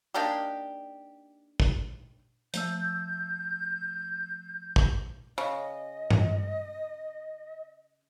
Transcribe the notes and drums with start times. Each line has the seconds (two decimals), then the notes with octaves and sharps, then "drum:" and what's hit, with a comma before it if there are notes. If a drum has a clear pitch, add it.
0.14 A#3 D4 D#4 G4
1.60 drum: kick
2.54 F3 A3 E6 G6, drum: hi-hat
4.76 drum: kick
5.38 C#3 D#5
6.11 drum: tom G2